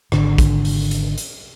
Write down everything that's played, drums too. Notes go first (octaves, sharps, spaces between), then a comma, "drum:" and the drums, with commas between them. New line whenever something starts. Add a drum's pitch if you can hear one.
G#1 D3, drum: rim click
drum: kick, hi-hat
drum: open hi-hat
drum: hi-hat
drum: hi-hat